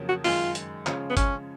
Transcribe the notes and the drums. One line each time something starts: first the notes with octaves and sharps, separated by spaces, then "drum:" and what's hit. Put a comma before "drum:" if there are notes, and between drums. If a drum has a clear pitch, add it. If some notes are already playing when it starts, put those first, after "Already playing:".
Already playing: F2 C#3 F#3 A#3
F#4
F#2 D#3 G#3 D#4 F4 G#4, drum: open hi-hat
drum: hi-hat
C#3 F3 G#3 C#4 F4, drum: clap
B3
C#4, drum: kick G1, hi-hat